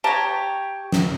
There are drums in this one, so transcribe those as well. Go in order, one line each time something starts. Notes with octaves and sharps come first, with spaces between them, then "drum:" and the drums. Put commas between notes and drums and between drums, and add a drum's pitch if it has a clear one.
G4 C#5 A5 A#5
drum: snare